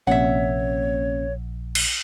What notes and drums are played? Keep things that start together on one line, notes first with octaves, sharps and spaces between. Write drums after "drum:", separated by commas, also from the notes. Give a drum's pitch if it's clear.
A#1 C3 A#3 C#4 C#5 E5 F#5
drum: cymbal